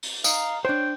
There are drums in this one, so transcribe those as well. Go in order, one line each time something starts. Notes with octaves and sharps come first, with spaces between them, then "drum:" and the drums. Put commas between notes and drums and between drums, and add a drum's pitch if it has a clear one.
drum: open hi-hat
D#4 F5, drum: tambourine
D4 C5 C#5 G5